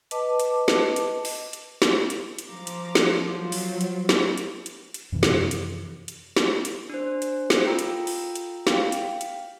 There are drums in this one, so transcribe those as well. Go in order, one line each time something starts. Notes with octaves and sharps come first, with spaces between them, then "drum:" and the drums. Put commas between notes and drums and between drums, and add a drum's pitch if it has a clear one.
B4 D#5 A5 D6, drum: hi-hat
drum: hi-hat
drum: snare
drum: hi-hat
drum: open hi-hat
drum: hi-hat
drum: snare
drum: hi-hat
drum: hi-hat
F3 A#5 D6
drum: hi-hat
drum: snare
F#3 F4 C5
drum: open hi-hat
drum: hi-hat
drum: snare
drum: hi-hat
drum: hi-hat
drum: hi-hat
F#2 C3 E3 F3
drum: snare
drum: hi-hat
drum: hi-hat
drum: snare
drum: hi-hat
D4 C5
drum: hi-hat
drum: snare
F4 A4 G5 A#5 E6
drum: hi-hat
drum: open hi-hat
drum: hi-hat
F5 G5, drum: snare
drum: hi-hat
drum: hi-hat